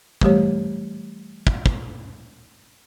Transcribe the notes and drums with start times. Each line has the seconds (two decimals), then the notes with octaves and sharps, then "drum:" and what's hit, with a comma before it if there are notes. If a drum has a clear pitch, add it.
0.21 E3 G3 A3 G4 C#5, drum: kick
1.47 drum: kick
1.66 drum: kick